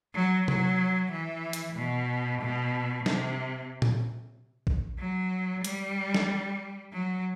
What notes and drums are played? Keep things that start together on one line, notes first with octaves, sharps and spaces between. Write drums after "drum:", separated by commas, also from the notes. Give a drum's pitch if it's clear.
F#3
F#3, drum: tom C3
E3
drum: hi-hat
B2
B2
C3, drum: snare
drum: tom A#2
drum: kick
F#3
G3, drum: hi-hat
drum: snare
F#3